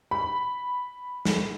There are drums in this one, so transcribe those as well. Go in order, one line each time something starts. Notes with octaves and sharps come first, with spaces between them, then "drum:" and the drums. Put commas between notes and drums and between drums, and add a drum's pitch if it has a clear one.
B5
drum: snare